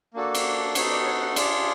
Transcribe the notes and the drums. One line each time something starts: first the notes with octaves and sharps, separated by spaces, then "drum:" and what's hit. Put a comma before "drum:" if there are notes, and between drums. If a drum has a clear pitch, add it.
A#3 D4 F#4 A4
drum: cymbal
B3 D#4 F#4 A4 C#5, drum: cymbal
D5
C#5
F#5
D4 F4 G#4 D5, drum: cymbal